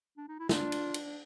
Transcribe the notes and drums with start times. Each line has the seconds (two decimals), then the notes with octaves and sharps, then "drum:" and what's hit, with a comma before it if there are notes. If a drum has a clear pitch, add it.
0.18 D4
0.28 D#4
0.40 E4
0.49 D4 F4, drum: snare
0.72 drum: cymbal
0.94 drum: cymbal